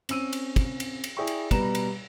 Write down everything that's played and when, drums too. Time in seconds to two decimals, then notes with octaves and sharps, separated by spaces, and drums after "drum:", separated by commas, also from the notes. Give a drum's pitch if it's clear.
0.09 C4 C#4 E6 D#7, drum: cymbal
0.33 drum: cymbal
0.56 drum: kick, cymbal
0.80 drum: cymbal
1.04 drum: cymbal
1.17 E4 G#4 D5 E5 G5 C#6
1.27 drum: cymbal
1.51 B2 G3 B4 A#5 E7, drum: kick, cymbal
1.75 drum: cymbal